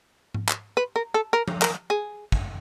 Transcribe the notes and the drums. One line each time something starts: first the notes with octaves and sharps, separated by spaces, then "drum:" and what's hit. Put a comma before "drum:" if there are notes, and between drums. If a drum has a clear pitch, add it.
drum: tom G#2
drum: clap
B4
A#4
A4
A#4
drum: tom F3
A#4, drum: clap
G#4
drum: kick